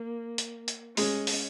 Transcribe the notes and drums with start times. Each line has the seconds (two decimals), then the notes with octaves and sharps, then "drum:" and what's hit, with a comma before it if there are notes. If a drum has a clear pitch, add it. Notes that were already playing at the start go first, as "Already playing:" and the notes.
Already playing: A#3
0.38 drum: hi-hat
0.68 drum: hi-hat
0.97 G#3 C#4, drum: open hi-hat
1.27 drum: open hi-hat